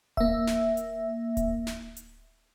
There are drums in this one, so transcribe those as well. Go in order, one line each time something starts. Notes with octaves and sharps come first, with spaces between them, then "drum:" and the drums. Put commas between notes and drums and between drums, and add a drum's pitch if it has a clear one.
A#3 E5, drum: kick D1
drum: snare
drum: hi-hat
drum: kick D1, hi-hat
drum: snare
drum: hi-hat